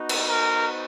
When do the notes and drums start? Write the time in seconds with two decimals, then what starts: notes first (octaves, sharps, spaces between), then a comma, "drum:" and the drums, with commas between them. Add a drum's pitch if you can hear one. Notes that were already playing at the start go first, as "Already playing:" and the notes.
Already playing: B3 D#4 F#4
0.09 drum: cymbal
0.28 A#4